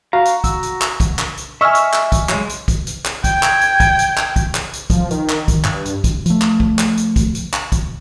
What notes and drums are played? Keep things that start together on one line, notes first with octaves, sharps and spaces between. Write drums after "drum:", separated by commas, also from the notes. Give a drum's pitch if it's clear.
F#4 F5 A#5
drum: hi-hat
E6, drum: kick, hi-hat
drum: hi-hat
drum: clap
drum: kick, hi-hat
drum: clap
drum: hi-hat
D#5 E5 G#5 C#6 E6 F6
drum: hi-hat
drum: clap
drum: kick, hi-hat
F#3 G#3, drum: clap
drum: hi-hat
drum: kick, hi-hat
drum: hi-hat
drum: clap
G5 G#6, drum: kick, hi-hat
drum: clap
drum: hi-hat
drum: kick, hi-hat
drum: hi-hat
drum: clap
drum: kick, hi-hat
drum: clap
drum: hi-hat
F3, drum: kick, hi-hat
D#3, drum: hi-hat
drum: clap
drum: kick, hi-hat
G2, drum: clap
drum: hi-hat
drum: kick, hi-hat
F3 A3, drum: hi-hat
drum: clap
drum: kick
drum: clap
drum: hi-hat
drum: kick, hi-hat
drum: hi-hat
drum: clap
drum: kick, hi-hat